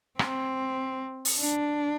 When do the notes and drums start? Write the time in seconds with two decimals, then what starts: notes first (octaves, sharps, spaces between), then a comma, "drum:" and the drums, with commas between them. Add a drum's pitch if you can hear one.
0.19 C4, drum: rim click
1.25 drum: open hi-hat
1.39 D4